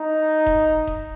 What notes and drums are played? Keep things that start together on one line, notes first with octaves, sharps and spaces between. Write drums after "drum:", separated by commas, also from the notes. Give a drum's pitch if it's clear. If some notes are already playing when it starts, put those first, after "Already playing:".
Already playing: D#4
drum: kick E1
drum: kick E1